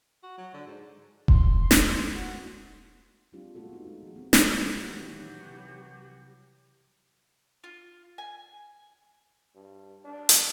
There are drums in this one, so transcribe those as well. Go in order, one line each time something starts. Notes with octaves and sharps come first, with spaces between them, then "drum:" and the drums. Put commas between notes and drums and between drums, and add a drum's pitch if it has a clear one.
F#4
F#3
D3
G#2
C6, drum: kick E1
drum: snare
F#4
F#3 G#3 C4 D4 F4 G4
G3 A3 B3 F4 F#4 A4
B3 D#4
G#3 D#4
E3 F#3 F#4
F#3 B3 C4
drum: snare
A#2 D#3 E3 F#3 F#4 G4
C2
F4
G#5
G2
D4
drum: hi-hat